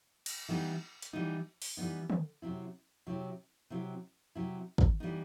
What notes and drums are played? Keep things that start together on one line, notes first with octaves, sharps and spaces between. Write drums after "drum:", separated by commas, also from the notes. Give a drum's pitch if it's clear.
drum: cymbal
E3 G3 B3 D#4
drum: hi-hat
E3 G3 B3 D#4
drum: open hi-hat
E3 G3 B3 D#4
drum: tom D3
C3 F#3 C4 E4
C3 F#3 C4 E4
C3 F#3 C4 E4
C3 F#3 C4 E4
drum: kick
E3 G3 B3 D#4